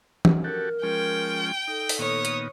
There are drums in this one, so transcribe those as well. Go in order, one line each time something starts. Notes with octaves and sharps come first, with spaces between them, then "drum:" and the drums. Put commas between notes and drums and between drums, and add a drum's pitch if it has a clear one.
drum: tom E3
F#4 G4 A4 A#4
F3 G#3 C#4 G5
D#4 A4
drum: open hi-hat
A#2 D#3 B3 C#5 D#6
drum: hi-hat